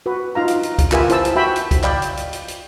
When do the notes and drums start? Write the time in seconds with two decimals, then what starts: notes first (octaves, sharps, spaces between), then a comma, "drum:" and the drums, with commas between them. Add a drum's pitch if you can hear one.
0.06 F#4 B4
0.35 D#4 F4 F5 A#5
0.48 drum: hi-hat
0.63 drum: hi-hat
0.79 drum: kick, hi-hat
0.92 F4 G4 A#4 B4 E5 G#5, drum: clap
1.09 E4 C5 A5 E6, drum: hi-hat
1.25 drum: hi-hat
1.36 F#4 E5 G5 B5
1.56 drum: hi-hat
1.71 drum: kick, hi-hat
1.84 D5 D#5 F5 G5 B5, drum: clap
2.02 drum: hi-hat
2.17 drum: hi-hat
2.33 drum: hi-hat
2.48 drum: hi-hat